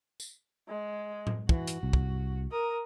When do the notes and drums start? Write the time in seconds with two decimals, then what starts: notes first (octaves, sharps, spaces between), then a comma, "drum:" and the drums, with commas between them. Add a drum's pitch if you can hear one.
0.20 drum: tambourine
0.69 G#3
1.27 drum: tom A2
1.49 E3 F#4, drum: kick
1.68 drum: hi-hat
1.83 C2
1.93 drum: kick
2.51 A#4 D#6